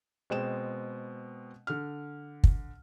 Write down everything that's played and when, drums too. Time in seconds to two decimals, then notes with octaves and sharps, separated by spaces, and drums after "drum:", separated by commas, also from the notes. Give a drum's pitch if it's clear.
0.30 B2 G#3 C4 G5 E7
1.67 D3 F6
2.44 drum: kick